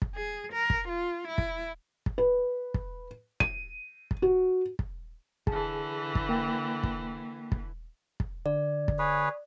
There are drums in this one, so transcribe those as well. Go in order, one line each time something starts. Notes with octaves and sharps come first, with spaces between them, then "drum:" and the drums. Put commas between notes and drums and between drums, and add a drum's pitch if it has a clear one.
drum: kick
G#4
A#4
drum: kick
F4
E4
drum: kick
drum: kick
B4
drum: kick
D#7, drum: kick
drum: kick
F#4
drum: kick
D3 E3 G#4 A5, drum: kick
drum: kick
A#3 G5
drum: kick
drum: kick
drum: kick
D3 D5
drum: kick
G#4 B4 C#5